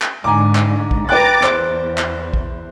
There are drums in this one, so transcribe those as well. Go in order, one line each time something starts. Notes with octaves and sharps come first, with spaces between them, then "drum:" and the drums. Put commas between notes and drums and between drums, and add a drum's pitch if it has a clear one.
drum: clap
G#2 D3 G#5 A#5 D6
drum: clap
drum: kick A#1
B4 G5 A#5 D6 F#6 A6
E2 C5, drum: clap
drum: clap
drum: kick A#1